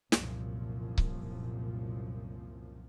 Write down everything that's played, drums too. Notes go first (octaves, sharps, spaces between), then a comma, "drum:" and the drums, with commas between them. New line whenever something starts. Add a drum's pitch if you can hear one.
C2 F#2 A#2 F3, drum: snare
drum: kick C#1